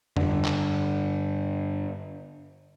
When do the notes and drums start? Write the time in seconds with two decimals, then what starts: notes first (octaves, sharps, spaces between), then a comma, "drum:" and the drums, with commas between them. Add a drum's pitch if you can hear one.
0.17 G2 D3, drum: tom F2
0.45 drum: clap